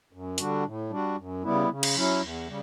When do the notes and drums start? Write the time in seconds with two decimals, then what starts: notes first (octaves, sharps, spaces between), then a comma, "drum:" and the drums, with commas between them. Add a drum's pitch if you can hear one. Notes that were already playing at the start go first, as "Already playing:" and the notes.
0.13 F#2
0.38 D3 G3 D4 F#4, drum: hi-hat
0.65 A2
0.90 G3 D4 F#4
1.17 F#2
1.43 C#3 G3 B3 E4
1.69 C#3
1.83 drum: cymbal
1.96 F#3 C#4 E4
2.21 E2
2.47 C#3 G3